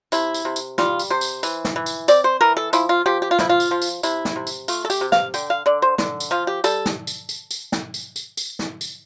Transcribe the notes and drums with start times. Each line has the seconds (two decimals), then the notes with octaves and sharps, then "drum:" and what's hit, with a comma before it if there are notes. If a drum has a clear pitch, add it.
0.12 C3 E4, drum: tambourine
0.34 drum: tambourine
0.45 C3
0.56 drum: tambourine
0.78 G3 F4, drum: snare
0.99 drum: tambourine
1.10 C3 C5
1.21 drum: tambourine
1.43 E3, drum: tambourine
1.65 drum: snare
1.76 E3
1.86 drum: tambourine
2.08 C4 D5, drum: tambourine
2.24 C5
2.41 E3 A#4
2.57 A4
2.73 F3 E4, drum: tambourine
2.89 F4
3.06 F3 G4
3.22 G4
3.31 F4
3.38 F3 E4, drum: snare
3.49 F4
3.60 drum: tambourine
3.71 F3
3.82 drum: tambourine
4.03 C3 E4, drum: tambourine
4.25 drum: snare
4.36 C3
4.47 drum: tambourine
4.68 A3 F4, drum: tambourine
4.85 A4
4.90 G4, drum: tambourine
5.01 C3
5.12 F5, drum: snare
5.34 D3 G5, drum: tambourine
5.50 F5
5.66 D3 D5
5.82 C5
5.98 D3, drum: snare
6.20 drum: tambourine
6.31 F3 F4
6.47 G4
6.64 G3 A4, drum: tambourine
6.85 drum: snare
7.07 drum: tambourine
7.29 drum: tambourine
7.51 drum: tambourine
7.72 drum: snare
7.94 drum: tambourine
8.16 drum: tambourine
8.37 drum: tambourine
8.59 drum: snare
8.81 drum: tambourine